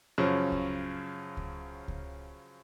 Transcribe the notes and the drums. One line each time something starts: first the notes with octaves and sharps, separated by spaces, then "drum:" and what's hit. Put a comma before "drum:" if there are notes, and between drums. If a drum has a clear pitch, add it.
F#2 C#3 F3 C#6
drum: kick C#2
drum: kick C#2
drum: kick C#2